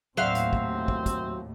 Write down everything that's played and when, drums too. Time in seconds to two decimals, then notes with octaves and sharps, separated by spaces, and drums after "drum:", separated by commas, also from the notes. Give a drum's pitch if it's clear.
0.17 D#2 A2 F#3 C4 E5 F5
0.35 drum: hi-hat
0.53 drum: kick
0.88 drum: kick
1.06 drum: kick, hi-hat